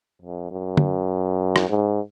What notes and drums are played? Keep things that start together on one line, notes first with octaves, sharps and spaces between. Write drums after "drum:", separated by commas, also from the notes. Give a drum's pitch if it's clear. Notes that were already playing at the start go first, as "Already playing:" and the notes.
F2
F#2
drum: tom
drum: rim click
G#2